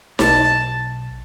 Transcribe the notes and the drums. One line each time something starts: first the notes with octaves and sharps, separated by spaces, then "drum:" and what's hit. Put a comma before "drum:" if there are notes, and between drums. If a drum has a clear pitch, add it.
B1 A5, drum: snare D#4